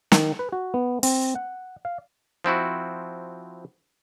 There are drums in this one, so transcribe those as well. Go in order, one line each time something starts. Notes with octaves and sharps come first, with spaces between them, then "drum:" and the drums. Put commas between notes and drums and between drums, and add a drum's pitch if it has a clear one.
D#3, drum: snare
B4
F#4
B3
C4, drum: open hi-hat
F#5
F5
F3 C4 E4 F#4